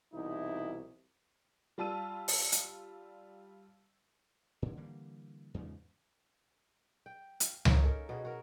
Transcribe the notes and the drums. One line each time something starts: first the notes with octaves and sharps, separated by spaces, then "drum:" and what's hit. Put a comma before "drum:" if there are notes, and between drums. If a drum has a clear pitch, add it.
C2 B2 E3 D#4 E4
G3 F4 A5 E6 D#7
drum: open hi-hat
drum: hi-hat
A2 D3
D3 E3 G3 A#3
E2 G#2 C#3 F3
G5
F5, drum: hi-hat
A#3 C#4 D#4, drum: tom C#2
A4 A#4
B2 F#4 G#4
F#4 A#4